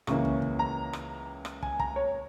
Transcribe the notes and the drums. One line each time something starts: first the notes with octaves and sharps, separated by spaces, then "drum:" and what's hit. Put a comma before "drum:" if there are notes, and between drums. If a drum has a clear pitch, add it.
C#2 C#3 E3 A#3 C#4 C#6, drum: rim click
drum: kick
drum: kick
A#5
drum: rim click
drum: rim click
G#5, drum: kick
A#5, drum: kick
C#5